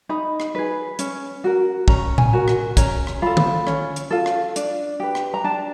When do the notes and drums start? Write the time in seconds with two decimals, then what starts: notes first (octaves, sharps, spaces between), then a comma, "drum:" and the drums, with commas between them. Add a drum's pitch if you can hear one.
0.09 D#4 B5
0.40 drum: rim click
0.55 G#4 B4
0.99 C#4, drum: hi-hat
1.44 F#4 A#4
1.88 C#4 A#5, drum: kick
2.18 G#5, drum: tom A2
2.33 F#4 A#4
2.48 drum: rim click
2.77 C#4 A#5, drum: kick, hi-hat
3.07 drum: rim click
3.22 F4 A4 B5
3.37 drum: tom D3
3.67 C#4, drum: rim click
3.96 drum: hi-hat
4.11 F4 A4
4.26 drum: rim click
4.56 D4, drum: hi-hat
5.00 G4 B4
5.15 drum: rim click
5.34 A#5
5.44 D4 A5